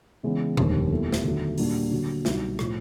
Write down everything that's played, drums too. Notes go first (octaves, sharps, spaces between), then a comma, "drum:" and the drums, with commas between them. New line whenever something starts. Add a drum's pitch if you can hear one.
C#3 E3 G#3 B3
F1 D#2 D3 G3 C4, drum: tom A#2
A#2 G3 B3 E4 A4
drum: snare
D#2 D3 F#3 A3
A#2 G3 A#3 D4 F#4, drum: open hi-hat
D3 F#3 A#3
C2 B2 F#3 B3 D#4, drum: snare
A2 F3, drum: rim click